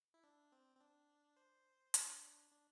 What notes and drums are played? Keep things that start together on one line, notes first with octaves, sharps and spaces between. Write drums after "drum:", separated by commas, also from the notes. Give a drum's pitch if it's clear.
E4
D4
C4
C4
D4
C5
D4, drum: hi-hat
D4
D4